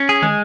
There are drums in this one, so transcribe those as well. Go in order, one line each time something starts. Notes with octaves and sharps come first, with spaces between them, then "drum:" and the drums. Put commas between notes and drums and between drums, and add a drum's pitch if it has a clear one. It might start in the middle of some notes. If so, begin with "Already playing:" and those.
Already playing: C#4
G#4
G#3, drum: tom